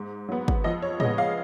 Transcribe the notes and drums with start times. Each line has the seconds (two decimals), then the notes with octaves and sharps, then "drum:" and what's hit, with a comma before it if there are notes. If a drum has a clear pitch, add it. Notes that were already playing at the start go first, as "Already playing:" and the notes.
Already playing: G#2
0.29 F#3 B3
0.48 drum: kick
0.64 F2 D#5
0.82 C#5
1.00 C#3 G#3 B3 D#5, drum: tom A2
1.18 F5